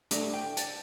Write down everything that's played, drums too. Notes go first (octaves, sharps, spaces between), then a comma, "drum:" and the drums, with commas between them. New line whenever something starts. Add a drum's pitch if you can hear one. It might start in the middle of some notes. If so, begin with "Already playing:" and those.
A3 D4 G4, drum: hi-hat
G5
A5, drum: hi-hat